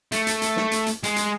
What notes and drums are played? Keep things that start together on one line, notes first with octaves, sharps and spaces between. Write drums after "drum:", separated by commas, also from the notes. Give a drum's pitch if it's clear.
A3, drum: hi-hat
drum: hi-hat
drum: hi-hat
drum: snare
drum: hi-hat
drum: hi-hat
G#3, drum: hi-hat
drum: hi-hat